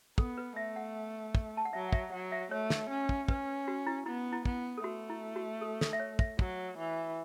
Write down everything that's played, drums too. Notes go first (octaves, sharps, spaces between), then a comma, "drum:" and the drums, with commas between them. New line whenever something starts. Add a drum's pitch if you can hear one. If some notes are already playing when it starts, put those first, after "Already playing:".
B3 A4, drum: kick
B4
A3 E5
F#5
drum: kick
A5
F#5
F#3 E5
F#5
E5, drum: kick
F#3 F#5
E5
A3 C#5
drum: snare
C#4
drum: kick
C#4 B4, drum: kick
F#4
E4
B3 E4
E4
B3, drum: kick
A4
A3 F#4
E4
F#4
A4
A4, drum: snare
E5
C#5
E5, drum: kick
F#3, drum: kick
E3